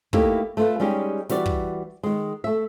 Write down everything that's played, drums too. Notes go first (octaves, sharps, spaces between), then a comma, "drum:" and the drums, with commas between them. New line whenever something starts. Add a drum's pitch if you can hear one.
A3 A#3 D#4 E4 G4, drum: kick
A3 F4 B4
G3 G#3 C#4 D#4 G4
E3 G3 F#4 D5, drum: snare
drum: kick
D#3 G#3
A3 E5